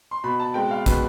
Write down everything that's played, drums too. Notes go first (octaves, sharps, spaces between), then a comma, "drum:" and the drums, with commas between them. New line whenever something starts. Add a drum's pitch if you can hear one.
C6
B2 B5
A5
G#3 C4 G5
F5
B2 B4, drum: kick, hi-hat